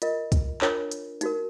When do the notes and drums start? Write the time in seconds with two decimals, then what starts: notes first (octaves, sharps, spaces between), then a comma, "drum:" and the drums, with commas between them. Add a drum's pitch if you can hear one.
0.02 F4 A#4 D#5, drum: hi-hat
0.32 drum: kick, hi-hat
0.62 D4 F4 A#4 C#5, drum: clap
0.91 drum: hi-hat
1.21 D#4 F#4 A#4, drum: hi-hat